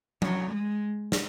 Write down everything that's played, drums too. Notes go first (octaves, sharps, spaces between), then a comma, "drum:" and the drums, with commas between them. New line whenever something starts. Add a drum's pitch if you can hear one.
F#3, drum: tom
G#3
drum: snare